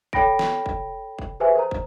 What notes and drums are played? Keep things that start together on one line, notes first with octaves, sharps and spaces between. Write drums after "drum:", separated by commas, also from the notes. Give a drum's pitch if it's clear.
A4 C#5 G5 B5 A#6 D7, drum: kick
drum: snare
drum: kick
drum: kick
G4 G#4 B4 C5 E5 G#5
A#4 C5 A#5
drum: kick